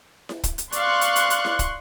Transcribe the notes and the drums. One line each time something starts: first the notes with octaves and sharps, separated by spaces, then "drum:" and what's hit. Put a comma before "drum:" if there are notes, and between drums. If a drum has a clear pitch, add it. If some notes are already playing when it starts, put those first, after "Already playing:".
drum: snare E4
drum: kick, hi-hat
drum: hi-hat
D5 F5 C6 C#6 F#6, drum: hi-hat
drum: hi-hat
drum: hi-hat
drum: hi-hat
drum: snare E4
drum: kick, hi-hat